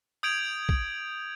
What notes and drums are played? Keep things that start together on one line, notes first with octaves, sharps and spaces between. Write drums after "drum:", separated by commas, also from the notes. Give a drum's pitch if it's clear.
D#6 G6 G#6 D7 F7 F#7
drum: kick